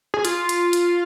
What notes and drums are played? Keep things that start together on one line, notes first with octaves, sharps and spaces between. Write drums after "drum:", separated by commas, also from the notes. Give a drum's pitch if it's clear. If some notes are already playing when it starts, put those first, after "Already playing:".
G#4
F4, drum: hi-hat
drum: hi-hat
drum: hi-hat